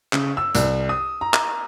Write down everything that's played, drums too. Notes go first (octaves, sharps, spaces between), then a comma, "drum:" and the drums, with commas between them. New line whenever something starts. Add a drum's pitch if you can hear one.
C#3, drum: clap
E6
C2, drum: hi-hat
D#6
A#5
drum: clap